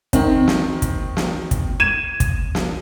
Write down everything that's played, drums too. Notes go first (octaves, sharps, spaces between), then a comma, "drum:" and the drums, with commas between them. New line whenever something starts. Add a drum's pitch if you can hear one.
D#3 C4, drum: kick, hi-hat
drum: snare
drum: kick, hi-hat
drum: snare
drum: kick, hi-hat
G#6 D#7 E7
drum: kick, hi-hat
drum: snare